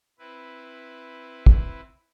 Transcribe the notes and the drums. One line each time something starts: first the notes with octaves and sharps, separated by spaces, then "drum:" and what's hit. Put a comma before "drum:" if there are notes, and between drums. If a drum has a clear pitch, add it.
C4 E4 B4
drum: kick